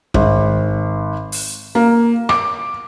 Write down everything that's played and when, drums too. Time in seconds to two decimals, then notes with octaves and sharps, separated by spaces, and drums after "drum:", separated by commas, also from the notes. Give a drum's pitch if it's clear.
0.14 G#1, drum: kick
1.32 drum: open hi-hat
1.75 A#3
2.29 D6, drum: rim click